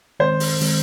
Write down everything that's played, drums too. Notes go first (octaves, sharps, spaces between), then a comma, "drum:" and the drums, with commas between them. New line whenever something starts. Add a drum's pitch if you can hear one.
D#3 G#3 C4 C5
drum: open hi-hat
D#3 G#3 C4, drum: open hi-hat